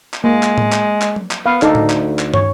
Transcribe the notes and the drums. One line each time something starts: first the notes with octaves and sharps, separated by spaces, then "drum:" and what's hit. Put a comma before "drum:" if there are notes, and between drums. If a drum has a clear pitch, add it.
drum: clap
G#3 A#3
drum: clap
drum: tom A2
drum: clap
drum: clap
drum: tom F#3
drum: clap
B3 F5
D2 D#4 A4 D5, drum: clap
drum: tom A2
drum: clap
drum: clap
C#5, drum: tom